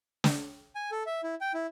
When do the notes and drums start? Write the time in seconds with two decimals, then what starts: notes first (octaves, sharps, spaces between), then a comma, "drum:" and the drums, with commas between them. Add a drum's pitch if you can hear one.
0.24 drum: snare
0.75 G#5
0.91 A4
1.06 E5
1.23 E4
1.41 G5
1.54 E4